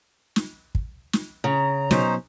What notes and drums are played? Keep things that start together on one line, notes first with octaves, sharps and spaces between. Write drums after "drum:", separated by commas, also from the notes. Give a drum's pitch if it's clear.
drum: snare
drum: kick
drum: snare
C#3 A#5
B2 F#3 C#4 D#4 C5, drum: snare